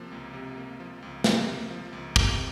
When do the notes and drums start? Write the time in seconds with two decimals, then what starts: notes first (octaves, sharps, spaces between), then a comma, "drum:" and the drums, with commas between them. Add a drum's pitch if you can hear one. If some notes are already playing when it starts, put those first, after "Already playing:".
Already playing: C3 F3 A#3
0.11 C#2
0.33 C3
0.57 A#3
0.80 F3
1.02 C#2
1.24 C3, drum: snare
1.48 A#3
1.70 F3
1.93 C#2
2.16 C3, drum: kick